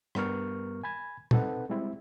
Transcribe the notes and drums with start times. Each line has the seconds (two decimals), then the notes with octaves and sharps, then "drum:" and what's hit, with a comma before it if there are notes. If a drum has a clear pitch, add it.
0.15 G2 G3 B3 A#4 C#6 F6, drum: rim click
0.83 G#5 B5 G#6
1.31 C4 D#4 A4 B4 F#5, drum: tom
1.69 G3 G#3 C4 E4